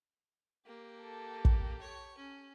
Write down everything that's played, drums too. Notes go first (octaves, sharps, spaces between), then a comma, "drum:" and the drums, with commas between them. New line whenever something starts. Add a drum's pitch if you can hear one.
A#3 G4
A4
drum: kick
C#5 C#6
C#4